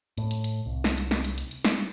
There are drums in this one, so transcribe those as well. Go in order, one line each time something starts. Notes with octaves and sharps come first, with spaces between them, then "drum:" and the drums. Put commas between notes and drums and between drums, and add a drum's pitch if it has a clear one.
A2, drum: hi-hat
drum: hi-hat
drum: hi-hat
C2
drum: snare
drum: hi-hat
drum: snare
drum: hi-hat
drum: hi-hat
drum: hi-hat
drum: snare